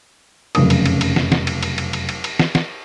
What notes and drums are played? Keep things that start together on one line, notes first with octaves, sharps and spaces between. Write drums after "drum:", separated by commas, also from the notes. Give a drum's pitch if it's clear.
F1 F#2 C#3 C#4 A#4 D#6, drum: cymbal
drum: cymbal
drum: cymbal
drum: cymbal
drum: snare
drum: snare
drum: cymbal
drum: cymbal
drum: cymbal
drum: cymbal
drum: cymbal
drum: cymbal
drum: snare
drum: snare